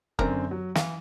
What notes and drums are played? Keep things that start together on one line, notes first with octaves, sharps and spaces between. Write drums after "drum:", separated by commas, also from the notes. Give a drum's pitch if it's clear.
F#2 D3 C4 A#4, drum: kick
F#3
E3 F5, drum: snare